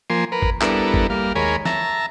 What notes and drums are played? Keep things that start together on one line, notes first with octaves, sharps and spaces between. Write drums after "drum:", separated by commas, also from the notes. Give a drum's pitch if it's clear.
F3 A#3 G#5 C6
A#4 B4
drum: kick
G3 B3 D4 E4 A4 A#4, drum: clap
drum: kick
G3 A#3 F5
D#2 G#3 A#4 C#5 G#5 B5
E5 A5 A#5, drum: snare